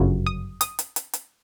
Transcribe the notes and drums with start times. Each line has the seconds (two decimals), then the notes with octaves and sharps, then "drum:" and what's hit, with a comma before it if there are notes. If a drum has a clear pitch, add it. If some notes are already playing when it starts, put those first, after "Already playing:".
Already playing: G1 F#2 C#3 F#3
0.26 D#6
0.61 D#6, drum: hi-hat
0.79 drum: hi-hat
0.96 drum: hi-hat
1.13 drum: hi-hat